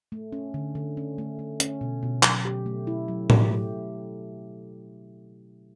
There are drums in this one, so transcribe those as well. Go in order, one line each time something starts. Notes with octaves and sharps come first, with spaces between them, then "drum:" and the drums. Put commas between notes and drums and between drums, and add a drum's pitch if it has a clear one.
A3
C#4
D3
D3
C#4
A3
A3
C#4, drum: hi-hat
B2
B2
F#3, drum: clap
G4
A3
E4
F#3
G4, drum: tom A2
A3